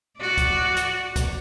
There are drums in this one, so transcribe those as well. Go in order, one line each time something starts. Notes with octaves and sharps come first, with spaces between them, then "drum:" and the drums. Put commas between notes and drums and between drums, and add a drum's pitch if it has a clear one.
F#4 D5
drum: kick, hi-hat
drum: hi-hat
drum: kick, hi-hat